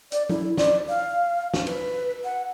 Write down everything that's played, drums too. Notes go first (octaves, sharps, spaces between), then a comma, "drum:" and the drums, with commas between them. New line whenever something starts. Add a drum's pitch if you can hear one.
D5, drum: hi-hat
E4, drum: tom F3
D5, drum: snare
F5
drum: snare
B4, drum: cymbal
F#5